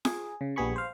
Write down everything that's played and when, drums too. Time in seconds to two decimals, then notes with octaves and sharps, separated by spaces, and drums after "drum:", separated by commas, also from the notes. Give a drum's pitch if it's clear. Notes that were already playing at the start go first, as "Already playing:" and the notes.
0.05 G#4, drum: snare F4
0.41 C#3
0.56 A#1 G3 B3 G#4 B5 C#6
0.76 C5 F5